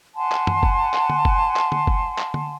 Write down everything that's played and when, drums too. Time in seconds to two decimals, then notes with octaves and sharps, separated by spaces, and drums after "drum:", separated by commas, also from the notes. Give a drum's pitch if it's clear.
0.16 F#5 G#5 A5 C6
0.32 drum: clap
0.47 drum: tom F#2
0.63 drum: kick
0.94 drum: clap
1.10 drum: tom D3
1.25 drum: kick
1.56 drum: clap
1.72 drum: tom D3
1.87 drum: kick
2.19 drum: clap
2.34 drum: tom D3